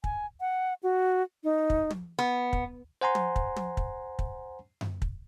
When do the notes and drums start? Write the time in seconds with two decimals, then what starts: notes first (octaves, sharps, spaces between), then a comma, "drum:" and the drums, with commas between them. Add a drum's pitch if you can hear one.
0.04 G#5, drum: kick
0.40 F#5
0.83 F#4
1.44 D#4
1.70 drum: kick
1.90 drum: tom
2.19 B3
2.53 drum: kick
3.01 C5 F#5 G#5 A#5 C6
3.15 drum: tom
3.36 drum: kick
3.56 drum: tom
3.77 drum: kick
4.19 drum: kick
4.81 drum: tom F#2
5.02 drum: kick